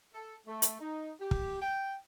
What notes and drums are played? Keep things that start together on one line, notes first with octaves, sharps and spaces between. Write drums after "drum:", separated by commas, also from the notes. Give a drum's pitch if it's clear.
A4
A3
drum: hi-hat
D#4
G4
drum: kick
G5